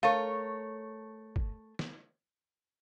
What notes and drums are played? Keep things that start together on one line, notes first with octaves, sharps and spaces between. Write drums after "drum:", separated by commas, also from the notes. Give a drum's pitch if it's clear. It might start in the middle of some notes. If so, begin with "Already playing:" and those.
A3 A#4 C#5 F5
drum: kick G1
drum: snare